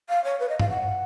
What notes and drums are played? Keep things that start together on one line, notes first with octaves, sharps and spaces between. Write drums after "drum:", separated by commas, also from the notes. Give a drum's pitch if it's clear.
F5
C#5
B4
D#5
F5, drum: tom G2
F#5